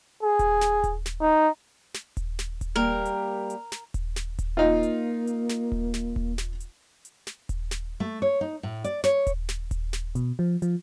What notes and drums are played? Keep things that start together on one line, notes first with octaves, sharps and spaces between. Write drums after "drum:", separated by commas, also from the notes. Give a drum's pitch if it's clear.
G#4
drum: kick D#1, hi-hat
drum: snare
drum: kick D#1, hi-hat
drum: snare
D#4
drum: snare
drum: kick D#1, hi-hat
drum: snare
drum: kick D#1, hi-hat
G3 A#3 G4 A#4
drum: hi-hat
drum: hi-hat
drum: snare
drum: kick D#1, hi-hat
drum: snare
drum: kick D#1, hi-hat
A#3 D#4 F4
drum: hi-hat
drum: hi-hat
drum: snare
drum: kick D#1
drum: snare
drum: kick D#1
drum: snare
drum: hi-hat
drum: hi-hat
drum: snare
drum: kick D#1, hi-hat
drum: snare
A3
C#5
D#4
A2
D5, drum: hi-hat
C#5, drum: snare
drum: kick D#1, hi-hat
drum: snare
drum: kick D#1, hi-hat
drum: snare
B2, drum: hi-hat
F3
F3, drum: hi-hat